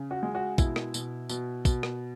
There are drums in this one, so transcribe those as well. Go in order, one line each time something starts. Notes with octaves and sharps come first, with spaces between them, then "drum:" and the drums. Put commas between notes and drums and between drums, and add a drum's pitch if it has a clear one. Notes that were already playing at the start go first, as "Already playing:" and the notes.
Already playing: C#3
F#4
G#3
F#4
B2 E4, drum: kick, tambourine
drum: rim click
B2, drum: tambourine
B2, drum: tambourine
B2, drum: kick, tambourine
drum: rim click